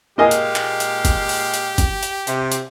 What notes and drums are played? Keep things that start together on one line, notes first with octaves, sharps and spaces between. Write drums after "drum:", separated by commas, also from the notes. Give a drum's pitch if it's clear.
A#2 G#3 A#3 G4 D#5 F5 G#5
drum: hi-hat
drum: clap
drum: hi-hat
drum: kick, hi-hat
drum: open hi-hat
drum: hi-hat
drum: kick, hi-hat
drum: hi-hat
C3, drum: hi-hat
drum: hi-hat